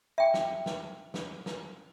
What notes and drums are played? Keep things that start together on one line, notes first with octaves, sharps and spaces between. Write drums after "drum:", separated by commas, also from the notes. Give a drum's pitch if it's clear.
E5 G5
drum: snare
drum: snare
drum: snare
drum: snare